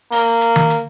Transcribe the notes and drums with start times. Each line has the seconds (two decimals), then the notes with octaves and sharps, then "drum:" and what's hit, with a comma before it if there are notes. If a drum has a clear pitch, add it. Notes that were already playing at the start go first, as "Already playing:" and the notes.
0.12 A#3, drum: open hi-hat
0.41 drum: hi-hat
0.56 drum: tom D#3
0.70 drum: hi-hat